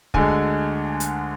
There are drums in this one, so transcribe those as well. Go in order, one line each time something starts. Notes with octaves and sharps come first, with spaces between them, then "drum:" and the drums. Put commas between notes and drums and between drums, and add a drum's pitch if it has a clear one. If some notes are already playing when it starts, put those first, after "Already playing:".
D2 D3 G#3 G#5, drum: kick
drum: hi-hat